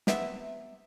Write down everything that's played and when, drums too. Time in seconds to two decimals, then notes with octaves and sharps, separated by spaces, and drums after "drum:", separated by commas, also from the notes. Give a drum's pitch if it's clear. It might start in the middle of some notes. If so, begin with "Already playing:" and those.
0.07 C3 B3 E5, drum: snare